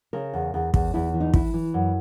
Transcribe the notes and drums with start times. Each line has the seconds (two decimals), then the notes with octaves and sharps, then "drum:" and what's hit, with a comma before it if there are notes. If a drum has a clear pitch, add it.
0.13 C#3 A#4
0.34 E2
0.54 E2
0.74 E2, drum: kick
0.94 E2 E4
1.14 E3
1.20 D#4
1.34 E3 E4, drum: kick
1.54 E3
1.74 F#2